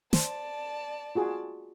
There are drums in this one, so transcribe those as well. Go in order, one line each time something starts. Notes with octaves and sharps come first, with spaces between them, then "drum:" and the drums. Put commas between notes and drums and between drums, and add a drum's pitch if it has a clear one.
C5 D5 A5, drum: snare
F4 F#4 G#4